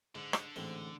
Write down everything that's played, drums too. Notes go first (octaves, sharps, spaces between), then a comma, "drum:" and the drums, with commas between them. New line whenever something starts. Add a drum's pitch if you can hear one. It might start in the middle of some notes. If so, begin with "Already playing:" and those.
G#2 D3
drum: rim click
A1 G#2 C4